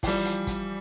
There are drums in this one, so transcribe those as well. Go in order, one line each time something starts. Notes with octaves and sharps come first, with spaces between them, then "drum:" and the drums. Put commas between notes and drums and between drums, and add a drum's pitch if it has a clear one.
E3 F3 G3, drum: kick, open hi-hat
drum: hi-hat
drum: kick, hi-hat